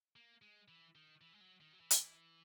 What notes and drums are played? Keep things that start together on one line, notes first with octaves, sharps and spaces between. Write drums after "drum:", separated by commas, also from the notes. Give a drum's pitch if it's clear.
A#3
G#3
E3
D#3
E3
G#3
F#3
D#3
F#3
E3
drum: hi-hat